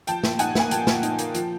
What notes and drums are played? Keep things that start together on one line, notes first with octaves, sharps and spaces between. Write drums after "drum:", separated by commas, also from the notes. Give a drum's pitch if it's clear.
F3 G5 A5, drum: hi-hat
A#2, drum: snare
D#4 F#5 G#5, drum: hi-hat
A#3 G#5, drum: snare
F3 G5 A5, drum: hi-hat
A#2, drum: snare
D#4, drum: hi-hat
A#3, drum: hi-hat
F3, drum: hi-hat